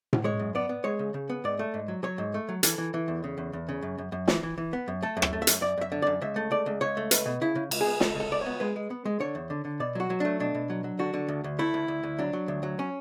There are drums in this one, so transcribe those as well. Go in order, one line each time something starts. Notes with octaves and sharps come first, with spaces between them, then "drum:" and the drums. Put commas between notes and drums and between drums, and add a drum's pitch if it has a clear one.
drum: tom A2
G#3 C#5
F#2
B3 D5
B3
G#3 C#5
C#3
C#3
B3
G#2 D5
A3
G#2
F#3
F#3 C#5
G#2
A3
F#3
E3 A4, drum: hi-hat
E3
E3
E2
C#3
E2
E2
C#3
F#2
F#2
F#2
E3, drum: snare
E3
E3
B3
F#2
A3 A4
F#2
E5, drum: rim click
A3
E5
F#2, drum: hi-hat
F#2 D5
F#2 E5
D3
F#2 D5
C#2 E5
A3
C#2 D5
C#2
C#2 C#5
A3
C#2 B4, drum: hi-hat
B2
C#3 E4
C#3
C#2, drum: cymbal
G#4
B3
C#2 A4, drum: snare
C#2
A4
C#2 D5
B3 C#5
G#3 B4
G#3
B3
G#3
D3 C#5
E2
D3
D3
B2 D5
F#3 F#4
F#3
A3 D4
B2 D4
B2
F#3
F#3
D3 F#4
D3
D2
D2
A3 E4
D2
D2
D2
F#3 D4
F#3
D2
F#3
C#4